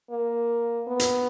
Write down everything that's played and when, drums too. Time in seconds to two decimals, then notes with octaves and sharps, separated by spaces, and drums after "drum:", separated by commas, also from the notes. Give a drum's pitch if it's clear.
0.11 A#3
0.88 B3
0.99 drum: hi-hat